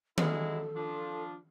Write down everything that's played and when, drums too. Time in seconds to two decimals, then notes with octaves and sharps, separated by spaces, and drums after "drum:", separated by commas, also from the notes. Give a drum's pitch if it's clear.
0.18 F#3 G#3 E4 A4, drum: tom D#3
0.75 F3 D4 F4